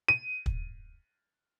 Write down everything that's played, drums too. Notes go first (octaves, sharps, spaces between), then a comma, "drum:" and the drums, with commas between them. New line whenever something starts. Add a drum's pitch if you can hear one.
D#7
drum: kick